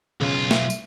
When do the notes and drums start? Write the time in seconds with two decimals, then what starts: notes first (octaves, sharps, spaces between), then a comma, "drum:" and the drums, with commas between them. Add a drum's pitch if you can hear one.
0.21 B1 C#3 F4
0.51 E5, drum: snare
0.70 drum: tambourine